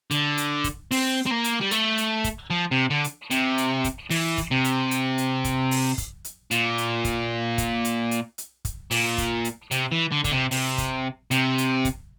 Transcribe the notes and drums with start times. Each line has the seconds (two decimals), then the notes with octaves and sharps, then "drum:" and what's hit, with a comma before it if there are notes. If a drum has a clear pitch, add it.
0.11 D3, drum: hi-hat
0.38 drum: hi-hat
0.64 drum: kick, hi-hat
0.91 C4, drum: open hi-hat
1.26 C4
1.31 A#3
1.44 drum: hi-hat
1.61 G3
1.71 A3, drum: hi-hat
1.98 drum: hi-hat
2.24 drum: kick, hi-hat
2.50 F3
2.71 C3
2.91 D3
3.04 drum: hi-hat
3.31 C3, drum: hi-hat
3.58 drum: hi-hat
3.84 drum: kick, hi-hat
4.10 E3, drum: open hi-hat
4.38 drum: kick, hi-hat
4.51 C3
4.64 drum: hi-hat
4.91 drum: hi-hat
5.18 drum: hi-hat
5.44 drum: kick, hi-hat
5.71 drum: open hi-hat
5.98 drum: kick, hi-hat
6.24 drum: hi-hat
6.51 A#2, drum: hi-hat
6.78 drum: hi-hat
7.05 drum: kick, hi-hat
7.58 drum: kick, hi-hat
7.85 drum: hi-hat
8.11 drum: hi-hat
8.38 drum: hi-hat
8.65 drum: kick, hi-hat
8.91 A#2, drum: open hi-hat
9.18 drum: kick, hi-hat
9.45 drum: hi-hat
9.71 C3, drum: hi-hat
9.92 E3
10.12 D3
10.24 D3, drum: kick, hi-hat
10.32 C3
10.51 C3, drum: open hi-hat
10.78 drum: kick, hi-hat
11.31 C3, drum: hi-hat
11.58 drum: hi-hat
11.85 drum: kick, hi-hat